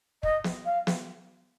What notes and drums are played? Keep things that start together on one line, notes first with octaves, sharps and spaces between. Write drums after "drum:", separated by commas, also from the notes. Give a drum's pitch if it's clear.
D#5, drum: kick
drum: snare
F5
drum: snare